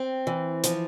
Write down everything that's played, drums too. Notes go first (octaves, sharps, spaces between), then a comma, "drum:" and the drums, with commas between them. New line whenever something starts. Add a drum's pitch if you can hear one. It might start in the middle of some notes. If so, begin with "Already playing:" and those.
Already playing: C4
E3
F3, drum: hi-hat